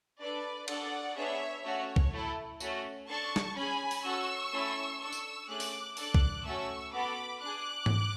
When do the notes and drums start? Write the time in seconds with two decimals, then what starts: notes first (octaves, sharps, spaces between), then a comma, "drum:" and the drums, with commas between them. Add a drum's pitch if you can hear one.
0.20 D4 A4 B4 D5
0.68 D4 A4 D5 F#5, drum: cymbal
1.16 B3 D4 G#4 C#5 E5
1.64 A3 C#4 F#4 C#5
1.96 drum: kick
2.12 A3 E4 A4
2.60 A3 C#4 F#4, drum: tambourine
3.08 D4 A4 A5 C#6
3.36 drum: snare
3.56 C#4 G#4 G#5 B5
3.91 drum: open hi-hat
4.04 C#4 F#4 A4 C#6 E6
4.52 A3 C#4 E4 A4
5.01 D4 A4 C#6 E6
5.13 drum: tambourine
5.49 A3 C#4 G#4 D6 F#6
5.60 drum: open hi-hat
5.97 D4 A4 D6 F#6, drum: open hi-hat
6.14 drum: kick
6.45 A3 C#4 F#4 A4 C#6 E6
6.93 B3 F#4 A4 B5 D6
7.41 D4 G#4 D6 F#6
7.86 drum: tom G#2